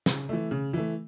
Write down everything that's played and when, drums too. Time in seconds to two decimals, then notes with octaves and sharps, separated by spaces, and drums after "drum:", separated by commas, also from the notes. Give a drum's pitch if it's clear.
0.06 C#3, drum: snare
0.29 E3 A3
0.51 C#3
0.73 E3 A3